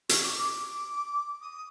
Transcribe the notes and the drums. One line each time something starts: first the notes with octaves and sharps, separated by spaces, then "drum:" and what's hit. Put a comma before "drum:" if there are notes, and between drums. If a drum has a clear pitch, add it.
C#6, drum: hi-hat
D6
D6
D#6